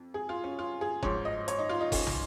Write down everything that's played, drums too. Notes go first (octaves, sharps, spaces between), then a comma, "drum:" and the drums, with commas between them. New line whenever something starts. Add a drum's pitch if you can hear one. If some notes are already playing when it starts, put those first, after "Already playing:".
Already playing: F2
G#4
F4
C#4
F4
G#4
G#2 F3 C#5, drum: kick F#1
D#5
C#5, drum: hi-hat
D#4
F4
D#4
C#4, drum: kick F#1, open hi-hat
drum: tom